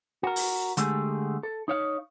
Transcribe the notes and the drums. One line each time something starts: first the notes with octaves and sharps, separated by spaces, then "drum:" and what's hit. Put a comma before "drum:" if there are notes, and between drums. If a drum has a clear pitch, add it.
F#4 A#4
drum: open hi-hat
D3 G#3 A3 G4 G#4, drum: hi-hat
A4
D#4 C#5 F5